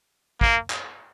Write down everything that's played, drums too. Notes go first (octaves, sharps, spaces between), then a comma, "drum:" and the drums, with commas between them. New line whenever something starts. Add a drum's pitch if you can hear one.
A#3, drum: kick
drum: clap